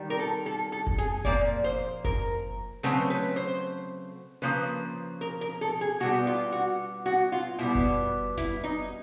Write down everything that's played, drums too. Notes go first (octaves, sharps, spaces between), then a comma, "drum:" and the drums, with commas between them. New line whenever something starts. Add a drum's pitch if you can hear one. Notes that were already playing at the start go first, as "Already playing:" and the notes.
Already playing: D#3 G3
A#4
A4
A4
A4
drum: kick F#1
G#4, drum: hi-hat
A#2 F3 A#3 D5, drum: kick F#1
C5
A#4, drum: kick F#1
C#3 F#3 A3 C4 B4, drum: hi-hat
B4, drum: hi-hat
drum: open hi-hat
C5
C#3 F3 A#3 B4
A#4
A#4
A4
G#4, drum: hi-hat
B2 G3 B3 F#4
F4
F#4
F#4
F4
B2 G3 B3 E4
drum: kick F#1
E4, drum: snare F#1
D#4